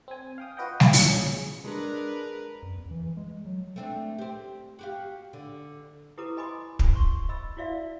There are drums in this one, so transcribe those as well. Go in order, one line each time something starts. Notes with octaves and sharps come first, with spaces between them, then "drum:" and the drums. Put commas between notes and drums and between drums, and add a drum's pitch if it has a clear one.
C4 G#5
F5 G5 D#6
F4 F#4 B4 D#5 F#5 G5
B1, drum: snare G3
F#4, drum: open hi-hat
A#1 C#4 G#4 G#6
G#3 D4 A#4 B4
F#2
E2
E3
E3
G#3
F#3
A3 C4 D4
C4 G4
F#4 G4 F5
D3
E4 G4 A4 B4 A#5 D6
D#5 G#5 B5 C6 D6 D#6
drum: kick
C6 C#6
D#5 B5 E6
E4 F#4 D5 E5 F5